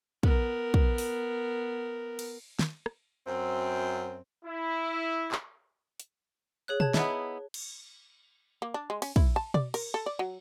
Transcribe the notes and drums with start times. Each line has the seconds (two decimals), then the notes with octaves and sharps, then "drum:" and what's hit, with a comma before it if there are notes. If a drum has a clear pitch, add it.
0.23 B3 A#4, drum: kick
0.74 drum: kick
0.98 drum: open hi-hat
2.19 drum: cymbal
2.59 drum: snare
2.86 drum: rim click
3.26 F#2 C4
4.45 E4
5.32 drum: clap
6.00 drum: hi-hat
6.68 G#4 C#5 F#6
6.80 A5 G#6, drum: tom B2
6.94 B3 D#4 E4, drum: snare
7.54 drum: cymbal
8.62 A#3
8.74 D4
8.90 G#3
9.02 C#4, drum: cymbal
9.16 E4, drum: kick
9.36 A5
9.54 D5, drum: tom B2
9.74 A#4, drum: cymbal
9.94 A4
10.06 D5
10.19 F#3